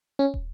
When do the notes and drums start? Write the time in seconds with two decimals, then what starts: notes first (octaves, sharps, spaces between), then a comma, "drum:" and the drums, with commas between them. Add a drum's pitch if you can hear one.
0.19 C#4
0.34 drum: kick